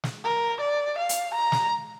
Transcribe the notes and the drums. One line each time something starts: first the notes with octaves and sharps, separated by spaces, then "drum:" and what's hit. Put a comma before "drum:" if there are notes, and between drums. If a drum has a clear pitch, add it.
drum: snare
A#4
D5
F5
drum: hi-hat
A#5
drum: snare